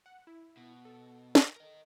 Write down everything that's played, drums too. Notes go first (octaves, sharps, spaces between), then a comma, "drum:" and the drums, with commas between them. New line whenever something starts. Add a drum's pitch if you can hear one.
F#5
E4
B2
A4
drum: snare
A#4 D#5